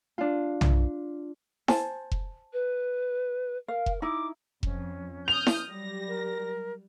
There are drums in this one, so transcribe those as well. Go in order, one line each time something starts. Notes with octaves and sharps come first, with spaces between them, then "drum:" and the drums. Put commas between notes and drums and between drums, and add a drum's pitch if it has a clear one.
D4 F4
drum: tom B1
C5 G#5 A5, drum: snare E4
drum: kick F1
B4
A#4 F5
drum: kick F1
D#4 E4 D6
F2 C#4, drum: kick F1
D#6 F6 G6 F7
drum: snare E4
F#3 G3 A#6
A#4